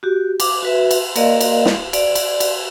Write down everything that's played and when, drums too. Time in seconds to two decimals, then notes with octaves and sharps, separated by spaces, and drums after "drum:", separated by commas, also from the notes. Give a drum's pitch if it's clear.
0.03 F#4 G4
0.40 D6, drum: cymbal
0.63 F#4 B4 E5
0.91 drum: cymbal
1.16 A#3 A#4 D5 D#5 F5, drum: cymbal
1.41 drum: cymbal
1.66 drum: snare
1.93 D5, drum: cymbal
2.15 drum: cymbal
2.40 drum: cymbal